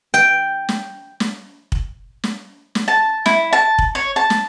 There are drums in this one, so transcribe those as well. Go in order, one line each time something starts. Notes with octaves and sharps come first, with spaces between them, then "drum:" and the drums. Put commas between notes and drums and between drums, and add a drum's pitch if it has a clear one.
G5
drum: snare
drum: snare
drum: kick
drum: snare
drum: snare
A5
E4, drum: snare
A5
drum: kick
C#5
A5
drum: snare